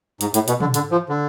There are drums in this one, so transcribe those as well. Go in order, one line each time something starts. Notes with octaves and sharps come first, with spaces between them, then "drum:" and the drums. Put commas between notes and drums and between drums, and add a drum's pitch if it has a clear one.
G#2, drum: hi-hat
A2, drum: hi-hat
B2, drum: hi-hat
D3, drum: tom
D3, drum: hi-hat
F3
D3